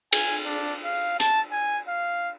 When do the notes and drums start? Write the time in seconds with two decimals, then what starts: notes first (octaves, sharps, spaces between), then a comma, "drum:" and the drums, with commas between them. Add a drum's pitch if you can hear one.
0.13 G#5, drum: cymbal
0.46 D4
0.85 F5
1.20 A5, drum: hi-hat
1.52 G#5
1.88 F5